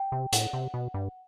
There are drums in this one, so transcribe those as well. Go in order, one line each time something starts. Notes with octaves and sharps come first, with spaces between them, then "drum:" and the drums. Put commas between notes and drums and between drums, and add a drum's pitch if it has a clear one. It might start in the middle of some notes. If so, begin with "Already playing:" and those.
Already playing: G5
C3
A2 F#5, drum: hi-hat
C3
B2
G2